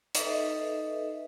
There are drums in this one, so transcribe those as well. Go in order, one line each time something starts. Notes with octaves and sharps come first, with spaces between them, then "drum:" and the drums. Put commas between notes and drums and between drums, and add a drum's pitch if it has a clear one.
D#4 A4 B4 D#5 E5, drum: hi-hat